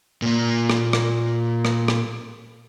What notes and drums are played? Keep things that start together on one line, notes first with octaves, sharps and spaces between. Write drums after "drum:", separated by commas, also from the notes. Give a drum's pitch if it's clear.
A#2 A#3
drum: rim click
drum: rim click
drum: rim click
drum: rim click